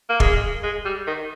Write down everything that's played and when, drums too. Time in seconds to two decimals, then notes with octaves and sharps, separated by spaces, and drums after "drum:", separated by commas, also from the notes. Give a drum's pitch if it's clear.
0.09 A#3
0.20 G#3, drum: kick
0.63 G#3
0.85 G3
1.07 D#3